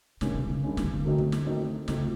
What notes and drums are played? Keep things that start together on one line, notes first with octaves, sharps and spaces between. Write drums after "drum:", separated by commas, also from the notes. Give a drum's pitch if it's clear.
G2 C3 D#3 G#3 C#4, drum: snare
C3
C#3
G2 D#3 G#3 C#4
C#3, drum: snare
D3
D#3 F#3 A3 C4 D#4
drum: kick
drum: snare
D#3 F#3 A3 C4 D#4
C#3 F3 A3 C4 D#4, drum: snare